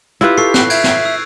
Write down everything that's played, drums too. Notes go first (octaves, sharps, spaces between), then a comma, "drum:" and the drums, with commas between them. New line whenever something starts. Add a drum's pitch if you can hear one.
E4 F4 G4 B4
A4 C#6 C7
F#6 C7, drum: snare
E5 G6 G#6 D7, drum: cymbal
drum: snare
E6